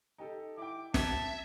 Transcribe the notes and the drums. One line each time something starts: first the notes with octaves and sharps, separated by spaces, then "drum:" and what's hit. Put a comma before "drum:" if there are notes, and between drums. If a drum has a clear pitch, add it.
D#4 G4 A4
E4 G5 D6
E5 A5 G#6, drum: snare